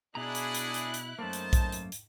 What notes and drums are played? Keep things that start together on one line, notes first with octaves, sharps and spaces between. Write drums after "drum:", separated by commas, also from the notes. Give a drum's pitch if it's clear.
B2 D4 E4 G#4 A#5 F#6
drum: hi-hat
drum: hi-hat
drum: hi-hat
drum: hi-hat
F#2 A3 A#3 D#4 C5 A5
drum: hi-hat
drum: kick A#1, hi-hat
drum: hi-hat
drum: hi-hat